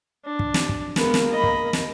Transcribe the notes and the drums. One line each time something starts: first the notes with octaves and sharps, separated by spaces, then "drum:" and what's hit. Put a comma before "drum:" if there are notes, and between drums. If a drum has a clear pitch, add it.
D4
drum: kick
drum: snare
drum: kick
G#3 A#3 B3, drum: snare
drum: snare
D#5 B5
drum: kick
drum: snare